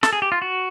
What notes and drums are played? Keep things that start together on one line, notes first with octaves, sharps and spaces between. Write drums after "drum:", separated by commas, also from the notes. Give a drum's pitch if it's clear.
A4, drum: snare
G#4
G4
F4
F#4